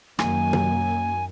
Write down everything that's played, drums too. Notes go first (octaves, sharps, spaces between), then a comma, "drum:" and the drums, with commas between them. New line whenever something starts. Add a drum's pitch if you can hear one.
F#2 D#3 F#3 A#3 G#5, drum: rim click
drum: tom